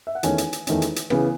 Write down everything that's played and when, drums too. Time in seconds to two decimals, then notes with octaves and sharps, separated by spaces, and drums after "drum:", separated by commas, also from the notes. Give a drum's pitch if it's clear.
0.07 E5
0.15 F#5
0.23 E2 D#3 A3 C#4 G#5, drum: hi-hat
0.38 drum: hi-hat
0.53 drum: hi-hat
0.67 E2 D#3 A3 C#4, drum: hi-hat
0.82 drum: hi-hat
0.96 drum: hi-hat
1.10 C#3 E3 B3, drum: rim click